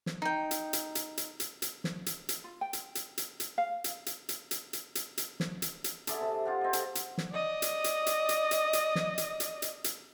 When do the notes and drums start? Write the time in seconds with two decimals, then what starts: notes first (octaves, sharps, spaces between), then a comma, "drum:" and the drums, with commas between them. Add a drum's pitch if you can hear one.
0.06 drum: snare
0.22 D#4 G5
0.51 drum: hi-hat
0.73 drum: hi-hat
0.95 drum: hi-hat
1.17 drum: hi-hat
1.40 drum: hi-hat
1.62 drum: hi-hat
1.84 drum: snare
2.06 drum: hi-hat
2.29 drum: hi-hat
2.44 F4
2.61 G5
2.73 drum: hi-hat
2.95 drum: hi-hat
3.18 drum: hi-hat
3.40 drum: hi-hat
3.58 F5
3.84 drum: hi-hat
4.06 drum: hi-hat
4.29 drum: hi-hat
4.51 drum: hi-hat
4.73 drum: hi-hat
4.95 drum: hi-hat
5.18 drum: hi-hat
5.40 drum: snare
5.62 drum: hi-hat
5.84 drum: hi-hat
6.07 D3 G#4 D5 E5, drum: hi-hat
6.20 C3
6.45 F4 G4 F#5
6.61 C4 D#5
6.73 A4, drum: hi-hat
6.95 drum: hi-hat
7.18 drum: snare
7.32 D5 D#5
7.62 drum: hi-hat
7.84 drum: hi-hat
8.06 drum: hi-hat
8.29 drum: hi-hat
8.51 drum: hi-hat
8.73 drum: hi-hat
8.95 drum: snare
9.18 drum: hi-hat
9.40 drum: hi-hat
9.62 drum: hi-hat
9.84 drum: hi-hat